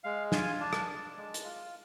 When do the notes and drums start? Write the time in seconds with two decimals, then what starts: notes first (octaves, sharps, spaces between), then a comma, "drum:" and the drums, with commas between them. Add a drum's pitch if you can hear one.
0.04 G#3 F5
0.32 F4 G#5, drum: snare
0.60 D4 A5
0.73 drum: rim click
0.88 D4
1.17 G#3
1.34 drum: hi-hat
1.44 F4